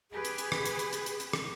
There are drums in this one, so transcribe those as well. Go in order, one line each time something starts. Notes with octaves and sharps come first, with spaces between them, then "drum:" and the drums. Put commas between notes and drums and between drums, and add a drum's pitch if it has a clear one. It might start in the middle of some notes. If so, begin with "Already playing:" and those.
G4 G#4 B4
drum: hi-hat
drum: hi-hat
drum: rim click
drum: hi-hat
drum: hi-hat
drum: hi-hat
drum: hi-hat
drum: hi-hat
drum: rim click